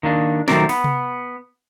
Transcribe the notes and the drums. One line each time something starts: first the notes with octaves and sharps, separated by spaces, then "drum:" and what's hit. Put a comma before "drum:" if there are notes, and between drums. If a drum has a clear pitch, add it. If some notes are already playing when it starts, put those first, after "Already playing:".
D#3 A#3 D4
D#3 F#3 A3 C4 A#4 D5, drum: snare
B3, drum: open hi-hat
drum: tom C3